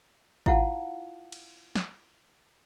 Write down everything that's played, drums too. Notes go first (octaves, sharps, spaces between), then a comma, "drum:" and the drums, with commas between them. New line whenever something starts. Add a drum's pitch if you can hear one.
E4 F4 F5 F#5 A5, drum: kick G#1
drum: cymbal
drum: snare